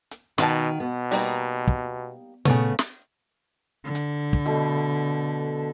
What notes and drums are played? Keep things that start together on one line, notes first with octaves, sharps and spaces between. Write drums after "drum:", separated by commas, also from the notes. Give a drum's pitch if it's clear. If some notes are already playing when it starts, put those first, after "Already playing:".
drum: hi-hat
B2 D#3 F#4 F5 A5, drum: snare
B2 B3
G3 A#3 D#4, drum: open hi-hat
drum: kick
C#3 A3 B3 G#4 C#5, drum: tom A#2
drum: snare
D3
drum: hi-hat
drum: kick
B2 A3